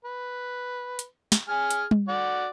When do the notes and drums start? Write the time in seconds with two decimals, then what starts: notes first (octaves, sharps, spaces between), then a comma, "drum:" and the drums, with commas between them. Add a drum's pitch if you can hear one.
0.05 B4
0.99 drum: hi-hat
1.32 drum: snare
1.49 G#4 G#5 F6
1.70 drum: hi-hat
1.91 drum: tom G3
2.08 F#4 D5 F#5